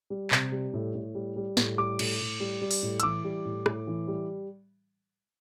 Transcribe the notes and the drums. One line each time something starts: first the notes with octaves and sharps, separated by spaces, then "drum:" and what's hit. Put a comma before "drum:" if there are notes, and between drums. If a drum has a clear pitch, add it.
G3
C3, drum: clap
G3
A2
A2
G3
G3
A2, drum: snare
G3 D6
A2, drum: cymbal
A2
G3
G3
drum: open hi-hat
A2
E6, drum: hi-hat
E3 D6
G3
A2
A2, drum: rim click
E3
G3